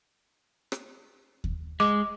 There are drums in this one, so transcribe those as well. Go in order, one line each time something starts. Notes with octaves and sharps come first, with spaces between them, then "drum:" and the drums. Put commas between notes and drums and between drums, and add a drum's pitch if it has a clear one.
drum: rim click
drum: kick D#2
G#3 D6